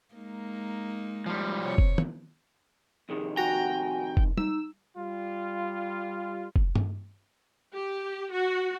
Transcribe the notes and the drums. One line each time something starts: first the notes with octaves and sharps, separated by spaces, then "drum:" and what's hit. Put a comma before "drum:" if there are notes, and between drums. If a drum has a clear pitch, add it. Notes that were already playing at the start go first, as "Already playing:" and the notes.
G#3 A#3 D#4
F3 G3
C3 C#5
drum: kick F1
drum: tom
F2 C3 D#3 G#4
F#4 G5 G#5 A#5
drum: kick F1
D#4 E6, drum: tom
G3 F4
drum: kick F1
drum: tom G2
G4
F#4